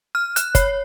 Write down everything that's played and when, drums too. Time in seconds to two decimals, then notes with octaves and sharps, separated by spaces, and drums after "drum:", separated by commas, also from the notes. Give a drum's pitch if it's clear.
0.15 F6
0.36 F#6, drum: hi-hat
0.55 C#5, drum: kick, hi-hat